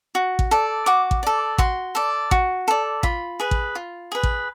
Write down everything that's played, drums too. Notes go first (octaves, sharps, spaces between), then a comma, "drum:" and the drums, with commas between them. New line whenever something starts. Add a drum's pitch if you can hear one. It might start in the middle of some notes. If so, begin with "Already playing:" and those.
F#4
drum: kick A1
A4 D5
F#4 D6
drum: kick A1
A4 D5
F#4 C6, drum: kick A1
A4 D5
F#4, drum: kick A1
A4 D5
F4 B5, drum: kick A1
G#4 B4
drum: kick A1
F4
G#4 B4
drum: kick A1